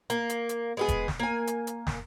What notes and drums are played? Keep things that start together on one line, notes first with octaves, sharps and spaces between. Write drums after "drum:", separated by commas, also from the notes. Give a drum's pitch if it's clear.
A#3, drum: hi-hat
drum: hi-hat
drum: hi-hat
G#3 B3 G#4
drum: kick E1, hi-hat
drum: snare
A#3 G#5
drum: hi-hat
drum: hi-hat
drum: snare